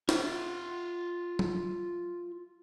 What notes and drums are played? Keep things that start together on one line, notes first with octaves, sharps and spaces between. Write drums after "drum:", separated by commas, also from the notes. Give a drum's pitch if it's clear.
F4 E5, drum: snare
drum: tom F#3